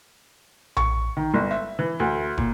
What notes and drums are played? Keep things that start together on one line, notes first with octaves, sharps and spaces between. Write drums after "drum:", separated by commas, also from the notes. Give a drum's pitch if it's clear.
C#6, drum: tom A#1
D#3
G1
E5
E3
D2
A#2, drum: kick